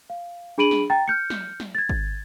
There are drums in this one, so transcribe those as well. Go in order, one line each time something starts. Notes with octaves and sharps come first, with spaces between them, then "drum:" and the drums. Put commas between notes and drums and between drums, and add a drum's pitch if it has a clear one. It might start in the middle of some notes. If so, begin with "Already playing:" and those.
F5
D4 G#4 B5 D7 D#7 F#7
drum: snare
G5 A#5 A6
F6 G6 C#7
drum: snare
drum: snare
G#6 A6
drum: kick G#1